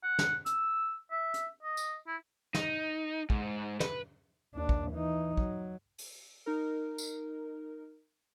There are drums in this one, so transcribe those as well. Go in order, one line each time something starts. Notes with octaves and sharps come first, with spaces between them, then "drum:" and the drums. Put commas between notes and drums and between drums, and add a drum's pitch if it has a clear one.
F#5
drum: snare
E6, drum: hi-hat
E5
drum: hi-hat
D#5
drum: tambourine
E4
D#4, drum: snare
G#2, drum: kick
B4, drum: snare
D#2 D4
drum: kick
E3 D#4
F#3, drum: kick
drum: open hi-hat
D#4 A#4
drum: tambourine